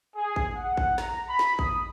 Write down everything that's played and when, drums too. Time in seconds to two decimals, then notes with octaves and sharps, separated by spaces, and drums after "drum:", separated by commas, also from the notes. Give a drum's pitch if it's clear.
0.15 G#4
0.36 drum: kick A1
0.56 F#5
0.77 drum: kick A1
0.98 A#5, drum: snare
1.28 B5
1.39 drum: snare
1.59 D#6, drum: kick A1